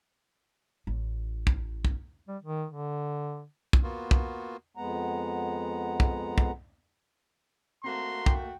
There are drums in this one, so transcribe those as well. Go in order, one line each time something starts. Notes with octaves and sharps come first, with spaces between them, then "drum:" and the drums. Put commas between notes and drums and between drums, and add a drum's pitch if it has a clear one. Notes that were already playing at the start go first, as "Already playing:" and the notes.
A1
drum: kick
drum: kick
G3
D#3
D3
drum: kick
A#3 B3 F4 F#4
drum: kick
F2 G#3 B3 F#5 A#5
drum: kick
drum: kick
A3 A#3 C4 F#4 A#5 C6
G5, drum: kick